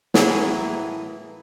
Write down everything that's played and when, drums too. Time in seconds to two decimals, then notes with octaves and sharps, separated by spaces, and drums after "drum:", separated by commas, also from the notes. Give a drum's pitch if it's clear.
0.14 A2 E3 F#3 A#3 B3 G#4, drum: snare